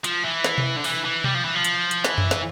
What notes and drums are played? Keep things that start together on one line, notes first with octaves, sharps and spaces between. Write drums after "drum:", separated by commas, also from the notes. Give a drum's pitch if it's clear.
F3, drum: hi-hat
E3
drum: snare
drum: tom B2
D3
E3, drum: open hi-hat
E3
G3, drum: tom B2
F3
E3
F3
drum: hi-hat
drum: hi-hat
E3, drum: snare
drum: tom F2
drum: snare